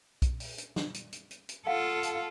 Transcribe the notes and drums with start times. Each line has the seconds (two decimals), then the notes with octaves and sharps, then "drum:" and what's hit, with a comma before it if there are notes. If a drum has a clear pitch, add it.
0.22 drum: kick B1, hi-hat
0.40 drum: open hi-hat
0.58 drum: hi-hat
0.76 drum: snare
0.94 drum: hi-hat
1.13 drum: hi-hat
1.31 drum: hi-hat
1.49 drum: hi-hat
1.67 F4 A4 F5 F#5
2.03 drum: hi-hat